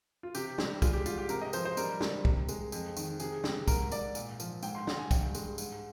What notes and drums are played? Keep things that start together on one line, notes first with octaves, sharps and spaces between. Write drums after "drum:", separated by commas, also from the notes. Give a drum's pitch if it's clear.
F4
C3 G4, drum: tambourine
G3, drum: snare
G#3 F4, drum: kick, tambourine
G4
G#2 F4, drum: tambourine
G4
C3 A#4, drum: tambourine
D#5
F3 C5, drum: tambourine
C5
G3 A#4, drum: tambourine
G3, drum: snare
C3, drum: kick
G#3, drum: tambourine
F2, drum: tambourine
D#3, drum: tambourine
C3 G#4, drum: tambourine
C3, drum: snare
G#2 A#4, drum: kick, tambourine
G#2 D5, drum: tambourine
A#2, drum: tambourine
F3, drum: tambourine
G#2 G5, drum: tambourine
C6
G#2, drum: snare
G#5
G2 G5, drum: kick, tambourine
G#3, drum: tambourine
G#2, drum: tambourine